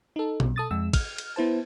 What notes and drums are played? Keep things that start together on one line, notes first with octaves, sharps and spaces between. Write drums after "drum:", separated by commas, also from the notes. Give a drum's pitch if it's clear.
D#4 A4
B1 B2, drum: tom B2
A4 D#6 A6
F2 G#3 E6
F6, drum: kick, cymbal
drum: cymbal
B3 E4 C5 A5